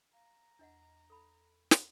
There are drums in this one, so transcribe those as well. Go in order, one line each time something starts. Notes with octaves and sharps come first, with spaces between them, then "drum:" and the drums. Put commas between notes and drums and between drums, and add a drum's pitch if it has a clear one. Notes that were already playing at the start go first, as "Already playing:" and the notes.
F5 A#5
E2 D4 D#5 F#5
A4 B5
drum: snare